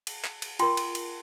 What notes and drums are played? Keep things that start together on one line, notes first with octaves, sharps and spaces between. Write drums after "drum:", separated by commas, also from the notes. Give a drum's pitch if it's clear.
drum: cymbal
drum: clap
drum: cymbal
F4 A#4 G5 C6, drum: cymbal
drum: cymbal
drum: cymbal